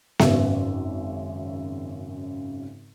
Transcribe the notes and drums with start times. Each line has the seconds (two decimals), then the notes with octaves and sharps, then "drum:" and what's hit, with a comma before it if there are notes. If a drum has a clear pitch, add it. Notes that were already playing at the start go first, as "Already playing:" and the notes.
0.19 G#1 F#2 C#3 E5, drum: snare B3